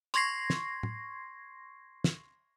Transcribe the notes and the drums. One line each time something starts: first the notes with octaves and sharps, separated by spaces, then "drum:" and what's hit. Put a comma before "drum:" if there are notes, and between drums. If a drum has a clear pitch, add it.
C6 C#6 G#6 A#6 C7, drum: hi-hat
drum: snare
drum: tom A2
drum: snare